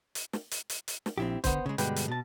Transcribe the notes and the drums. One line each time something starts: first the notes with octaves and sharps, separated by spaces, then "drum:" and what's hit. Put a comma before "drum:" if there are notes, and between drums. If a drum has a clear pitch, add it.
drum: hi-hat
drum: snare
drum: hi-hat
drum: hi-hat
drum: hi-hat
drum: snare
A#1 C4 E4 G4
D3 B3 C5, drum: kick, hi-hat
C#3 G#3
G2 B2 D3 G#3 B4 G5, drum: hi-hat
drum: hi-hat
B2 A5